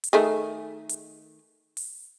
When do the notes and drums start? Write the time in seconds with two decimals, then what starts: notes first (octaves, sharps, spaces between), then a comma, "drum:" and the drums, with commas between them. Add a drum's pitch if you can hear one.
0.04 drum: hi-hat
0.13 D#3 A3 G#4
0.89 drum: hi-hat
1.77 drum: open hi-hat